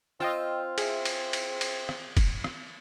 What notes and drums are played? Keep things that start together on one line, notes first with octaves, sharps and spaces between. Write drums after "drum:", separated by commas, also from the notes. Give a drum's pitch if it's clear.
C4 F4 D#5 G5 E6
G#4 E5, drum: cymbal
drum: cymbal
drum: cymbal
drum: cymbal
drum: rim click
drum: kick, cymbal
drum: rim click